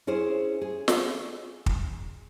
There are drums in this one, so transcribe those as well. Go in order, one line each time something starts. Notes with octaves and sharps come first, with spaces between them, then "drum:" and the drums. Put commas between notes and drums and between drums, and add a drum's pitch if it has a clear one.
C#4 E4 G#4 C5
G#4
drum: snare
drum: kick